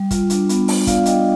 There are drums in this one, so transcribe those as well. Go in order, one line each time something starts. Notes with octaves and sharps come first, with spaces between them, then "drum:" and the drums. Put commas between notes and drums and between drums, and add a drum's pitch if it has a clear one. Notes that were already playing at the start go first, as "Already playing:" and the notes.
Already playing: G3
F4, drum: kick, hi-hat
D4, drum: hi-hat
B3, drum: hi-hat
B3, drum: open hi-hat
F4 D5 F5, drum: kick, hi-hat
D4 D#5 G5, drum: hi-hat